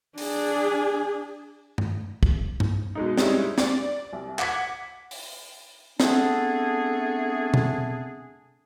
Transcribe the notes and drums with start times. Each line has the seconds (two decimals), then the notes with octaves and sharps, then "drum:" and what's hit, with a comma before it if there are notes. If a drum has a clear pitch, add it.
0.18 D4 G#4, drum: open hi-hat
1.78 drum: tom G2
2.23 drum: kick
2.60 drum: tom G2
2.95 B2 G#3 D#4
3.17 G3 G#3 C#4 D#4 E4, drum: snare
3.58 D5, drum: snare
4.13 C2
4.39 F#5 D6 G#6 B6, drum: clap
5.11 drum: open hi-hat
6.00 A3 B3 C4 D4 G#4, drum: snare
7.54 drum: tom B2